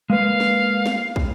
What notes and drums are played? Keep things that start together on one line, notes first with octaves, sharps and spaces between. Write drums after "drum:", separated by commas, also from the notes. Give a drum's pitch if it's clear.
G#3 A#3 B4 F5
drum: snare
drum: snare
drum: kick